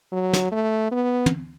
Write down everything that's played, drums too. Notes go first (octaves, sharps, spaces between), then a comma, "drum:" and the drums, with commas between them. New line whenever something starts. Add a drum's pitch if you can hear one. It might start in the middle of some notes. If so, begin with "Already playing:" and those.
F#3
drum: snare
A3
B3
drum: tom